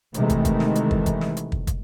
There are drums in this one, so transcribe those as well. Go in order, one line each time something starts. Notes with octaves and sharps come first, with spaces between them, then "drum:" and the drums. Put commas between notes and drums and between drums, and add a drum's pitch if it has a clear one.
C3 D#3 E3 G#3 A3, drum: hi-hat
drum: kick, hi-hat
drum: kick, hi-hat
drum: snare
drum: hi-hat
drum: kick
drum: kick, hi-hat
drum: snare
drum: hi-hat
drum: kick
drum: kick, hi-hat